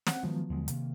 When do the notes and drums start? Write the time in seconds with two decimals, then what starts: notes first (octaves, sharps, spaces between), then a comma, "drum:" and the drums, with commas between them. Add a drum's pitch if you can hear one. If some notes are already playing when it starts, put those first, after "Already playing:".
0.07 C4 F#5, drum: snare
0.23 D#3 F3 F#3 G#3 B3
0.50 D#2 D3 G#3
0.68 C3 D#3 A#3, drum: hi-hat